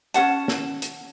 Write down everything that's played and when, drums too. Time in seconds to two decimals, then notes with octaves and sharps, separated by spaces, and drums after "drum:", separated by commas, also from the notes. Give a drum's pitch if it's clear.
0.14 C#4 A#4 F#5 A5, drum: hi-hat
0.48 drum: snare
0.82 drum: hi-hat